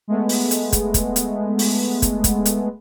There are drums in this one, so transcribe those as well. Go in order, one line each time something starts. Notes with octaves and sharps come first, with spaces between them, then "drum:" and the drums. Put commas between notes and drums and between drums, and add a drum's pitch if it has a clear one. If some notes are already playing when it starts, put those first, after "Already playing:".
G#3 A3 B3
drum: open hi-hat
drum: hi-hat
drum: kick, hi-hat
drum: kick, hi-hat
drum: hi-hat
drum: open hi-hat
drum: kick, hi-hat
drum: kick, hi-hat
drum: hi-hat